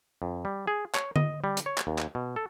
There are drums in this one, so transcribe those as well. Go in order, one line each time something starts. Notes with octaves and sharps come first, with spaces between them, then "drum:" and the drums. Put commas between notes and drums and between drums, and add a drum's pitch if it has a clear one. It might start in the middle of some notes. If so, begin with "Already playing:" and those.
F2
G3
G#4
C#5, drum: clap
D#5, drum: tom D3
G3
drum: hi-hat
C#5
drum: clap
D#2
drum: clap
B2
A4